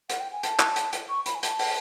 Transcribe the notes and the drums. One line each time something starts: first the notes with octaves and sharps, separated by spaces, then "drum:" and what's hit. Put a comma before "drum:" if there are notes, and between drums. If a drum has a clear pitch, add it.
F#5, drum: hi-hat
G5
G#5
A5, drum: hi-hat
drum: clap
drum: hi-hat
drum: hi-hat
C#6
B5, drum: hi-hat
G#5
A5, drum: hi-hat
drum: open hi-hat